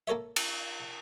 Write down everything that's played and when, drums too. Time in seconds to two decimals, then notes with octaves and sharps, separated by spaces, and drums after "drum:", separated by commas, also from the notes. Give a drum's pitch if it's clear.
0.07 A#3 A4 A#4 C#5 E5
0.36 drum: cymbal